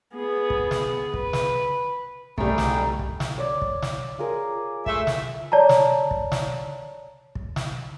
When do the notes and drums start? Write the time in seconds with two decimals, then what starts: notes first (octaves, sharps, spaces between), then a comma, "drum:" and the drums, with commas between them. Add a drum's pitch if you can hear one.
0.15 B3 G#4
0.50 drum: kick
0.71 drum: snare
1.14 B4, drum: kick
1.33 drum: snare
2.38 C2 G3 A3 D#4 G#4 G5, drum: kick
2.58 drum: snare
2.99 drum: kick
3.20 drum: snare
3.38 C#5 D5
3.62 drum: kick
3.82 drum: snare
4.18 F4 G#4 A#4
4.86 G#3 A3 E5, drum: kick
5.07 drum: snare
5.52 C#5 D5 A5 A#5
5.69 drum: snare
6.11 drum: kick
6.32 drum: snare
7.35 drum: kick
7.56 drum: snare